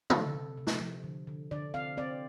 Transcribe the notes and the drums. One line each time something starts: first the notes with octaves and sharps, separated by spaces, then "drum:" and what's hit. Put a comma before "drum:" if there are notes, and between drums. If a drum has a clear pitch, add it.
C3 A4, drum: tom
C3
C3
drum: snare
F3
D3
D3
D3 D5
C4 F5
C4 D5